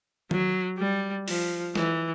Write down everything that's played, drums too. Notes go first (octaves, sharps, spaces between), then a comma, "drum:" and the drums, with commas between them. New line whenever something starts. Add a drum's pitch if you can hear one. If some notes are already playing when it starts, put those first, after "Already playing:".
F#3, drum: tom D#3
G3
F3, drum: open hi-hat
E3, drum: snare